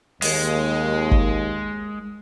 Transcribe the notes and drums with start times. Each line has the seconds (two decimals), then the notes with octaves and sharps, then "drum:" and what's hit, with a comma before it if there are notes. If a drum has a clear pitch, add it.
0.22 D#2 G#3, drum: open hi-hat
1.11 drum: kick G1